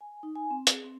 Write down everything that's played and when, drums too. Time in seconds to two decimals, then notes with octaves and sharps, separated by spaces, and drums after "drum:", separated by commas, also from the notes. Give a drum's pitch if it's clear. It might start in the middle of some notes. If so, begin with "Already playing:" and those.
0.01 G#5
0.23 D#4
0.36 G#5
0.51 C4
0.67 G#4, drum: hi-hat
0.84 C4